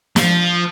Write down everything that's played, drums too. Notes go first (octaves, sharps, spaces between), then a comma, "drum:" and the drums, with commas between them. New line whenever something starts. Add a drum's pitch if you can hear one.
F3, drum: snare